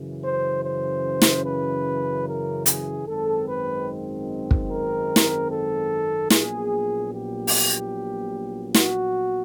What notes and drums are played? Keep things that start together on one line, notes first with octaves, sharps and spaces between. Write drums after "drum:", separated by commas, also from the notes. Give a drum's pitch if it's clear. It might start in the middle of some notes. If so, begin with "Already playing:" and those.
Already playing: F#2 C#3 E3
C5
C5
drum: snare
B4
A#4
G#4, drum: hi-hat
G#1 F#2 D#3 G#3 C4 A4
B4
drum: kick
A#4
drum: snare
A4
A#1 A#2 F#3 B3 G#4, drum: snare
G4
drum: open hi-hat
F#4, drum: snare